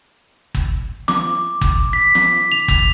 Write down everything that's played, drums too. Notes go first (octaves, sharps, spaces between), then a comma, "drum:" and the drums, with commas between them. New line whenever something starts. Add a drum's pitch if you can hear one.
drum: kick
D6, drum: snare
drum: kick
B6
drum: snare
F7
drum: kick